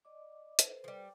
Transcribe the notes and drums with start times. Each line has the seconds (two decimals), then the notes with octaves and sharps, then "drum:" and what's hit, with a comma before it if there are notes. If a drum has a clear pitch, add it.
0.05 D5 D#5 D6
0.59 A4 B4 C5, drum: hi-hat
0.84 F3 G3